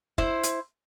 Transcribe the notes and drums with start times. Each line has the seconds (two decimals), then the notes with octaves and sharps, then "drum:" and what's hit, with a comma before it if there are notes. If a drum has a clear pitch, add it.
0.18 E4 C5, drum: kick
0.43 drum: hi-hat